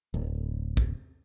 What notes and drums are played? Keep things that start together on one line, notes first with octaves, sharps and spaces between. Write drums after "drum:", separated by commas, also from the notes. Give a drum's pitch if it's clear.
D1
drum: kick